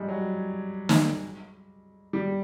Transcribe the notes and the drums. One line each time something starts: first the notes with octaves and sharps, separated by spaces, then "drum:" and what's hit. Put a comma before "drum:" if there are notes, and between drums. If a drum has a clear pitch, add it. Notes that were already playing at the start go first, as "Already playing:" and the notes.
Already playing: G3 G#3
F#3
drum: snare
G3